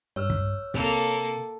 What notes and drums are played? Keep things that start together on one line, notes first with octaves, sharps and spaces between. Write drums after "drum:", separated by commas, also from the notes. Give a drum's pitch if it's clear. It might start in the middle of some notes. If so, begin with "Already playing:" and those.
G2 C#5 E6 F6
drum: kick
C3 A#3 A4, drum: snare